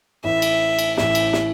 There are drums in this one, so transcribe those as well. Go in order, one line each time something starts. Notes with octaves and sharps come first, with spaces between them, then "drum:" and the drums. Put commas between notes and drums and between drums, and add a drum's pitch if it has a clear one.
A1 A2 E3 E5
drum: cymbal
drum: cymbal
A1 A2 E3 E5, drum: snare
drum: cymbal
drum: snare